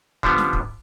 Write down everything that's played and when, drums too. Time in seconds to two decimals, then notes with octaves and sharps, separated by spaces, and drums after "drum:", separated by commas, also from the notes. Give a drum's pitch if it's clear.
0.23 D3 F3 G3 B3, drum: kick
0.38 drum: snare
0.53 drum: kick